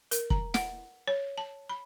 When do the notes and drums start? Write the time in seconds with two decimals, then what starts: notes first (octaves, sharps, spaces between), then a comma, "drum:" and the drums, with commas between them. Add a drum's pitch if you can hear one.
0.11 A#4, drum: hi-hat
0.30 A#5, drum: kick
0.54 F#5, drum: snare
1.08 C#5
1.38 A5
1.69 B5